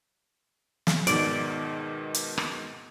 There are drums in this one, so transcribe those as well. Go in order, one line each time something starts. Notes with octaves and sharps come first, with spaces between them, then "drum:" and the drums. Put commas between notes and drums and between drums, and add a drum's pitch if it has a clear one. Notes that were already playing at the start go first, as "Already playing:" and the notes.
drum: snare
G#2 B2 D#3 D5, drum: hi-hat
drum: hi-hat
drum: rim click